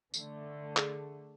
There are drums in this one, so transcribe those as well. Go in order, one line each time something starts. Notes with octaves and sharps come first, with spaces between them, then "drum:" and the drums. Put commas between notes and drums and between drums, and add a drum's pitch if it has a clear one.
D3 A3, drum: tambourine
G#4, drum: clap